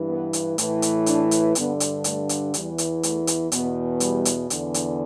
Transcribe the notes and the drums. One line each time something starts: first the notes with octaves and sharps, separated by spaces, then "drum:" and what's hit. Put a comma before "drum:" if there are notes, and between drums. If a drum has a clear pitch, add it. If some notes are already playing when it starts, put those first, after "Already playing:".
Already playing: G2 E3
B3
drum: hi-hat
A2 E3, drum: hi-hat
drum: hi-hat
D4, drum: hi-hat
drum: hi-hat
G2 D3 B3, drum: hi-hat
drum: hi-hat
A3, drum: hi-hat
drum: hi-hat
E2 E3 G3, drum: hi-hat
drum: hi-hat
A3, drum: hi-hat
drum: hi-hat
E2 B2 B3, drum: hi-hat
G3, drum: hi-hat
drum: hi-hat
E2 D3, drum: hi-hat
drum: hi-hat